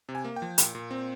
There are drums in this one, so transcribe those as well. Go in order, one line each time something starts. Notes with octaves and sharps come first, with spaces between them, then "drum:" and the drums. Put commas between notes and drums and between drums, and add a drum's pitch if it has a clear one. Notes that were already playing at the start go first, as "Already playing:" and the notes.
C3
G#5
A#3
G5
F3
A#2, drum: hi-hat
A#2
C4